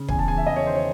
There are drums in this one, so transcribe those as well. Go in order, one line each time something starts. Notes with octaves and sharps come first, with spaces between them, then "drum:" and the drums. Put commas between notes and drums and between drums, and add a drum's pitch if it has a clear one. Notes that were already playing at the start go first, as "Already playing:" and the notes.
Already playing: C#3
E2 G#5, drum: kick
A5
E2 G#5
E5
E2 D#5
C#5
D#3 C5
C#5